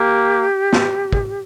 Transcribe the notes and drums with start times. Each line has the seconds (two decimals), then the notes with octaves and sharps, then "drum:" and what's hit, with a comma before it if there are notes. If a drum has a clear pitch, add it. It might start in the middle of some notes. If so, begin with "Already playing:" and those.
Already playing: A#3 G4
0.73 drum: snare
1.13 drum: kick